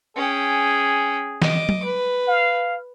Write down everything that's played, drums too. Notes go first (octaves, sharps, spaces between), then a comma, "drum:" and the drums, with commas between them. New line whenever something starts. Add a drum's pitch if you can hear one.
C#4 G#4 G5
D#5 D6, drum: snare E3
drum: tom F#3
B4
F5